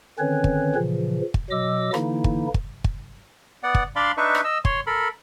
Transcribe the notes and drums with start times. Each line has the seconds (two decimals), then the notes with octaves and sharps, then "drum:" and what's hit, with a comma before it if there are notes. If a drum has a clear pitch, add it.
0.19 D3 D#3 C4 C#4 B4 C#5
0.44 drum: kick
0.75 A#2 C#3 E3 F3
1.34 drum: kick
1.50 B2 F#3 D#5 D6 E6
1.94 D3 E3 A#3 D#4 E4, drum: rim click
2.24 drum: kick
2.54 drum: kick
2.84 drum: kick
3.63 B3 D5 F#5
3.75 drum: kick
3.96 D4 D5 F5 B5 C6
4.17 D4 D#4 B4 E5 C#6
4.35 drum: rim click
4.44 D#5 E6
4.65 C#5 C6, drum: kick
4.87 A4 A#4 B5